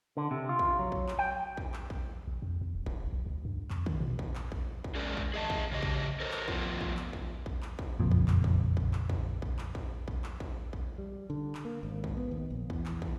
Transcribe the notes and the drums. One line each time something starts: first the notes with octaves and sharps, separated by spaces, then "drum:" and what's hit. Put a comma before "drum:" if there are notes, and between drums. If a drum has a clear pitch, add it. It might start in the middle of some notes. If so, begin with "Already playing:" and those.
D3
C3
F4
drum: kick
F#3
drum: kick
drum: clap
G5
drum: kick
drum: clap
drum: kick
A#1
F2
E2
D1
A#1, drum: kick
F#1
B1
D2
G2
F2, drum: clap
D#3, drum: kick
B2
drum: kick
drum: clap
drum: kick
drum: kick
G#3 C#4 G#4 A#4 D5
drum: kick
G#4 D#5 A5
drum: kick
C#3 G4 D#5
drum: kick
A4 A#4 C5
drum: clap
F3 A3 B3 F4, drum: kick
drum: kick
drum: clap
drum: kick
drum: kick
drum: clap
drum: kick
F#1 F2 A#2
drum: kick
drum: clap
drum: kick
drum: kick
drum: clap
drum: kick
drum: kick
drum: clap
drum: kick
drum: kick
drum: clap
drum: kick
drum: kick
G3
D3
drum: clap
A#3
G#1
drum: kick
B3
D#2
A#1
E2, drum: kick
drum: clap
drum: kick